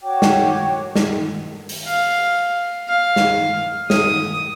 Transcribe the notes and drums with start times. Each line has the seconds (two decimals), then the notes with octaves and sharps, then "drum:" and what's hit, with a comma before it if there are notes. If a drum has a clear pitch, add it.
0.01 F#4 C#5 G5 D6
0.22 drum: snare
0.96 drum: snare
1.69 drum: open hi-hat
1.87 F5
2.88 F5
3.16 drum: snare
3.90 D#6, drum: snare